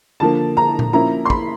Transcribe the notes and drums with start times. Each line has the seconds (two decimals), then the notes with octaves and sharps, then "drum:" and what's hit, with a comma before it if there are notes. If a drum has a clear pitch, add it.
0.20 D3 F3 A#3 A5
0.57 A#5
0.79 drum: tom A#2
0.93 F3 A#3 C#4 E4 A#5
1.25 C6
1.30 B5, drum: kick